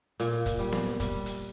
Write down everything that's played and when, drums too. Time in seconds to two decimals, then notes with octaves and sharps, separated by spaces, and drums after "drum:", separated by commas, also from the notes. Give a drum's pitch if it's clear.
0.20 A#2, drum: hi-hat
0.46 drum: kick, hi-hat
0.59 G3
0.72 drum: snare B3
1.00 G3, drum: kick, hi-hat
1.26 drum: hi-hat